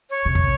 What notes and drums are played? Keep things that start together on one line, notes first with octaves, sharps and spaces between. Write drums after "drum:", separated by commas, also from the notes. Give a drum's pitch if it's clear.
C#5
C3
drum: kick